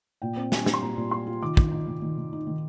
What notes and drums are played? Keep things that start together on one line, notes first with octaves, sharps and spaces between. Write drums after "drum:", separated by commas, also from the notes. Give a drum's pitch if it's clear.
A#2 G5
C4
G3 G#5, drum: snare
G3, drum: snare
C6
A#2 A#5
A#2
F4 C6
F4
D#3 D6
D#3, drum: kick
D#4
D#3
D#3
D#3
D#4
D#3